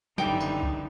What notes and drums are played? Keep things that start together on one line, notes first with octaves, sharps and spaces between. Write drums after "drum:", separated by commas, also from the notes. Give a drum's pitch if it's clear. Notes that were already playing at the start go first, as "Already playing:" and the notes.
F#1 D3 E3 G3 D#4 G5, drum: snare
drum: tambourine
drum: kick C2